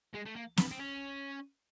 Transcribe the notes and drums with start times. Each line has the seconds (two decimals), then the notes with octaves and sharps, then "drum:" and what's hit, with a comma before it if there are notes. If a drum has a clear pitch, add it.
0.14 G#3
0.25 A3
0.36 A#3
0.57 B3, drum: snare
0.71 C4
0.79 C#4